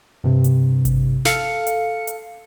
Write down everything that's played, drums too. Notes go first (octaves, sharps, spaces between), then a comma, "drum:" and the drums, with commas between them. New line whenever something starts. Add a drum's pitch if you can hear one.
G2 C3
drum: hi-hat
drum: kick G#1, hi-hat
A4 F5 C#7, drum: snare
drum: hi-hat
drum: hi-hat